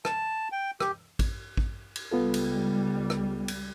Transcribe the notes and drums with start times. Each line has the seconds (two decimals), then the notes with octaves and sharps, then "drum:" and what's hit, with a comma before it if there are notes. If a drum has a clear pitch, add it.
0.05 A5, drum: rim click
0.52 G5
0.80 G4, drum: rim click
1.19 drum: kick A1, cymbal
1.57 drum: kick A1
1.96 drum: cymbal
2.11 C#2 G3 B3 F4 A4
2.34 drum: cymbal
3.10 drum: rim click
3.48 drum: cymbal